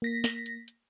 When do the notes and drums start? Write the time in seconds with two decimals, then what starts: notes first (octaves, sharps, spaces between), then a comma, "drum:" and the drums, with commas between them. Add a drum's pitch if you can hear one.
0.02 A#3 A#6 B6
0.24 drum: snare
0.46 drum: hi-hat
0.68 drum: hi-hat